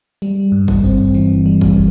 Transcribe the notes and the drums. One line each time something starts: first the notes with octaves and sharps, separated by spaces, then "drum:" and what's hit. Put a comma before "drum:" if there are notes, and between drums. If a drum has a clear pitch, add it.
G3, drum: tambourine
G2
drum: kick, tambourine
C4
E3, drum: tambourine
G3
drum: kick, tambourine